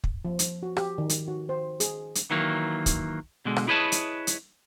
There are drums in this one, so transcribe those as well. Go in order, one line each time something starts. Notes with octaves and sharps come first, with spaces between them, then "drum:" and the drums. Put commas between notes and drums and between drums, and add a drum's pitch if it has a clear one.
drum: kick
F3
drum: hi-hat
F#4
G4, drum: rim click
D#3
drum: hi-hat
F#4
C5
G#4, drum: hi-hat
drum: hi-hat
D#3 E3 F#3 A#3
drum: kick, hi-hat
B2 D3 G#3
drum: rim click
E4 G#4 B4 C#5 D#5 A5
drum: hi-hat
drum: hi-hat